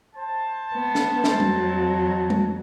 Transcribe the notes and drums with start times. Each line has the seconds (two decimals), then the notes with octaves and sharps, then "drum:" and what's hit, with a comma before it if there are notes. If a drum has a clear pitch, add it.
0.16 C5 A5
0.75 B3
0.95 drum: snare
1.24 drum: snare
1.40 F2 F#3, drum: tom G3
2.30 drum: tom G3